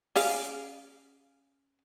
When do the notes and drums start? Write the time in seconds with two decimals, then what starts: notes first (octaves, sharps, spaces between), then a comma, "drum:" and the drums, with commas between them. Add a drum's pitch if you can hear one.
0.16 C#4 G#4 F5, drum: open hi-hat